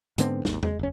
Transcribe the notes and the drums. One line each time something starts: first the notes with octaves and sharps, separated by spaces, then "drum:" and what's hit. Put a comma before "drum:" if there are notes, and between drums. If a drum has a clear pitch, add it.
G#2 D3 B3 C4, drum: hi-hat
G#1 D#2, drum: snare
G#3, drum: tom E2
F#1 C#4